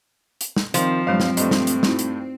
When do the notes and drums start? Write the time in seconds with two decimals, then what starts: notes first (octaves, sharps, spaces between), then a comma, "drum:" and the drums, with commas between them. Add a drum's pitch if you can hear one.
0.41 drum: hi-hat
0.56 drum: snare
0.74 D#3 F3 C4 F4 C5, drum: hi-hat
1.07 G2 F#3 G#3 C5 C#5 F5
1.20 drum: snare
1.37 G2 A3 D#5, drum: hi-hat
1.51 drum: snare
1.67 drum: hi-hat
1.83 D#4 E4 F#4, drum: snare
1.99 drum: hi-hat